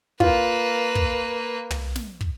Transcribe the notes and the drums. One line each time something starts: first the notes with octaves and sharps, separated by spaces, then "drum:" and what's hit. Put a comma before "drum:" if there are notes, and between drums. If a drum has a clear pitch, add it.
A#3 F4 B4, drum: kick
drum: kick
drum: tom
drum: snare
drum: kick